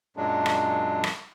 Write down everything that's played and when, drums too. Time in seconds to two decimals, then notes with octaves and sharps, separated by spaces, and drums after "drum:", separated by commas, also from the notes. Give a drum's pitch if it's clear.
0.17 F#2 A#2 F#3 G#3 D4
0.46 drum: rim click
1.04 drum: rim click